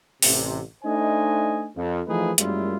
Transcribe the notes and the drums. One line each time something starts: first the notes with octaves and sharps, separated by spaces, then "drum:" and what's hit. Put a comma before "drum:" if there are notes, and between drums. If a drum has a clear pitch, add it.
A1 C3, drum: open hi-hat
A3 D4 D#4 C5 D#5 G#5
F2
E3 F3 A3 D#4 G#4 B4
F#2 G3 G#3 A#3 E4 F4, drum: hi-hat